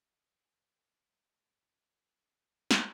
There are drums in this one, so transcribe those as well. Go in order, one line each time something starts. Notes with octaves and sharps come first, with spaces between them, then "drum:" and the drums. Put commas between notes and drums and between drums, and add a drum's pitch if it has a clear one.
G#5
G#3
A6
C#7
drum: snare